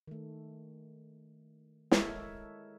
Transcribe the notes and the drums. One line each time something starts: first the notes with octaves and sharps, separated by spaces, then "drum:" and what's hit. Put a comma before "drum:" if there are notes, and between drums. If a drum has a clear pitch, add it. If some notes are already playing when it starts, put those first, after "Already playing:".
D#3 A3
G#3 E4 A4 A#4 C#5 E5, drum: snare